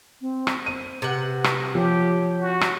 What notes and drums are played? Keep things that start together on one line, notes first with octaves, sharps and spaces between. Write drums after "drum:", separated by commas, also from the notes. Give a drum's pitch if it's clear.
C4
drum: rim click
C5 D#7
C3 B4 F#5
drum: rim click
F3 G4 C#5
F#4
drum: rim click